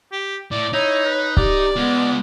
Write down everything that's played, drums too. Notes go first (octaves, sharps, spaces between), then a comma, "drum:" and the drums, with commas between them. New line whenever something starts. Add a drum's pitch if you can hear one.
G4
A2 D5
D#4 E4 C#5
B4
G4 D5, drum: kick
G#3 B3 F4